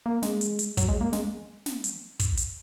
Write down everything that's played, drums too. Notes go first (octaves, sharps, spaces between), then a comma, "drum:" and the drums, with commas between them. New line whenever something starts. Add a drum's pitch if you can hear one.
A#3
G#3, drum: snare
drum: hi-hat
drum: hi-hat
F#3, drum: kick, hi-hat
G#3
A#3
G#3, drum: snare
drum: snare
drum: hi-hat
drum: kick, hi-hat
drum: hi-hat